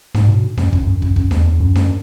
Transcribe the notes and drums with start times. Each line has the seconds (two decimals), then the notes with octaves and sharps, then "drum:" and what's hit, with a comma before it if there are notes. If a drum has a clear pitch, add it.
0.14 G#2, drum: snare D4
0.28 B2
0.57 F#2, drum: snare D4
0.73 F#2, drum: kick
0.83 F#2
1.02 F#2, drum: kick
1.16 F#2, drum: kick
1.31 E2, drum: snare D4
1.60 F#2
1.75 drum: snare D4